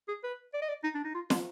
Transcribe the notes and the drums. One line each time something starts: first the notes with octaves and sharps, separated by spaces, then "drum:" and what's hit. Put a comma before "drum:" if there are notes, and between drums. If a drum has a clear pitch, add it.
G#4
B4
D5
D#5
D5
D#4
D4
D#4
F4
F4, drum: snare